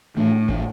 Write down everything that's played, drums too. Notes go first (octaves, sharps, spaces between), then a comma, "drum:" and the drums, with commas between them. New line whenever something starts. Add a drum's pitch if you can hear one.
A2 E3 A3 D4
E3 A3 D4, drum: kick G1